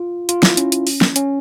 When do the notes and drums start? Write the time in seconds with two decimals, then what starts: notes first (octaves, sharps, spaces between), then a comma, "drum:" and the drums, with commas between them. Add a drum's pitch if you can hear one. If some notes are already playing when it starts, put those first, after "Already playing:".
Already playing: F4
0.29 F4, drum: hi-hat
0.43 E4, drum: snare
0.57 C#4, drum: hi-hat
0.72 drum: hi-hat
0.87 drum: open hi-hat
1.01 drum: snare
1.16 C#4, drum: hi-hat